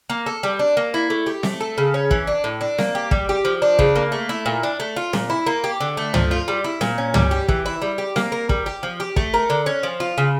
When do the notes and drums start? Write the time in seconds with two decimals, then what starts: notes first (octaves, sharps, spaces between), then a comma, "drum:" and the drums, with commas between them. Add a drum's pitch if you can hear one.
0.10 A#3
0.26 A4
0.43 G3
0.59 D4
0.77 A#3
0.94 E4
1.10 A3
1.26 G4
1.43 A3, drum: snare C4
1.61 A4
1.78 C#3
1.94 C#4
2.11 E3, drum: kick
2.27 D4
2.44 A2
2.61 D4
2.78 A#3, drum: snare C4
2.95 G4
3.11 G3, drum: kick
3.29 G4
3.45 F3
3.62 D4
3.79 C#3, drum: kick
3.96 A#3
4.12 A3
4.29 E4
4.46 A#2
4.63 D4
4.80 A3
4.96 F4
5.13 A#2, drum: snare C4
5.30 E4
5.46 A#3
5.64 G4
5.81 D3
5.97 A3
6.14 F3, drum: tom
6.31 F4
6.48 G3
6.64 E4
6.81 A#2, drum: snare C4
6.98 C#4
7.14 G3, drum: tom
7.31 G4
7.48 E3, drum: kick
7.66 E4
7.82 G3
7.98 G4
8.16 A#3, drum: snare C4
8.32 A#4
8.49 G3, drum: kick
8.66 G4
8.83 F3
9.00 G4
9.16 A3, drum: kick
9.34 A#4
9.50 D3
9.66 C#4
9.83 F3
10.00 F4
10.18 C#3